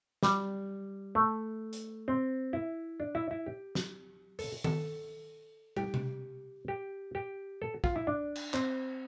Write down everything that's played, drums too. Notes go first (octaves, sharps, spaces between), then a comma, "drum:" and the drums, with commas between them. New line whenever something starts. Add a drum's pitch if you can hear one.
G3, drum: snare
A3
drum: hi-hat
C4
E4
D4
E4
E4
G4
drum: snare
A4, drum: open hi-hat
A4, drum: tom D#3
G4, drum: tom
drum: tom C3
G4
G4
A4
F4, drum: kick
E4
D4
drum: cymbal
C4, drum: clap